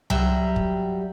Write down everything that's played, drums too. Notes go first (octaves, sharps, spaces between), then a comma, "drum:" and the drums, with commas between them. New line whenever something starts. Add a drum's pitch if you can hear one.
F#3 G3 G4 E5, drum: tom C2
drum: kick